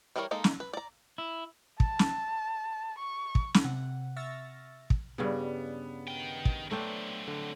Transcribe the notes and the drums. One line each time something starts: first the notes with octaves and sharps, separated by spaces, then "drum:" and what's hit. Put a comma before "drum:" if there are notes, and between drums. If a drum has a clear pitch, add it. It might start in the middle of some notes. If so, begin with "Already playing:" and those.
E3 G3 G4 A#4 C#5
G#3 A#3 D#4 A4
drum: snare
B4
D5 A#5
E4
A5, drum: kick
drum: snare
C#6
drum: kick
drum: snare
C3 F#5
E5 C#6 E6 F6 A6 A#6
drum: kick
G2 C#3 G3 B3
D#3 G5
drum: kick
F#3 A3 C4 D4 G5
D3